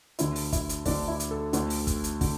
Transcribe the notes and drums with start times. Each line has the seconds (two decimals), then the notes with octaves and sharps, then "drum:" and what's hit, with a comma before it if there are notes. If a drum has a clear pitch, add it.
0.19 D2 D3 E4, drum: hi-hat
0.36 drum: open hi-hat
0.53 E4, drum: kick, hi-hat
0.69 drum: hi-hat
0.86 D2 D3 D4, drum: kick, open hi-hat
1.08 E4
1.20 drum: hi-hat
1.31 A4
1.53 D2 D3, drum: hi-hat
1.70 drum: open hi-hat
1.87 drum: kick, hi-hat
2.04 drum: hi-hat
2.21 D3, drum: kick, open hi-hat